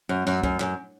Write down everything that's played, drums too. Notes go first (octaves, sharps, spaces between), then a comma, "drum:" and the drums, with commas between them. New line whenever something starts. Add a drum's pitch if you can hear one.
F#2
F#2, drum: hi-hat
F#2, drum: kick
F#2, drum: clap